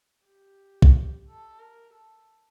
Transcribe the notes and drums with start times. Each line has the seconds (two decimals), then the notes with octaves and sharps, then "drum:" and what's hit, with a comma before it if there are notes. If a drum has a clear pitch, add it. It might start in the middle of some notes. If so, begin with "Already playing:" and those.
0.25 G4
0.82 drum: kick
1.27 A4
1.59 A#4
1.94 A4